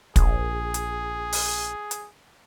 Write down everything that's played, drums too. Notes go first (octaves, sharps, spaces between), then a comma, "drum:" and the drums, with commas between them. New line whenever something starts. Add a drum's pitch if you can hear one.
A#1 G#4, drum: kick, hi-hat
drum: hi-hat
drum: open hi-hat
drum: hi-hat